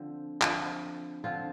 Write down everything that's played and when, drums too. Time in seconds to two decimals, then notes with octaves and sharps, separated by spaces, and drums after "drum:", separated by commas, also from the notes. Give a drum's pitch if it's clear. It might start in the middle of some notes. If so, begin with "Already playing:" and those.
Already playing: D3 F3 C4
0.41 D3 F3 C4, drum: clap
1.24 D3 F3 C4 F4